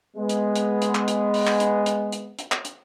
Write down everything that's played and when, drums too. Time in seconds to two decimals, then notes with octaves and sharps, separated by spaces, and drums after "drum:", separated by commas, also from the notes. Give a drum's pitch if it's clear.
0.16 G#3 B3
0.29 drum: hi-hat
0.56 drum: hi-hat
0.82 drum: hi-hat
0.95 drum: clap
1.08 drum: hi-hat
1.34 drum: open hi-hat
1.47 drum: clap
1.60 drum: hi-hat
1.86 drum: hi-hat
2.12 drum: hi-hat
2.39 drum: hi-hat
2.52 drum: clap
2.65 drum: hi-hat